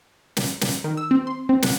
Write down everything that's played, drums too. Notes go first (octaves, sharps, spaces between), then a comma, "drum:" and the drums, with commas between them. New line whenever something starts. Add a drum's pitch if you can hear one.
drum: snare
drum: snare
D#3
E6
C4
C6
C4
F#5, drum: snare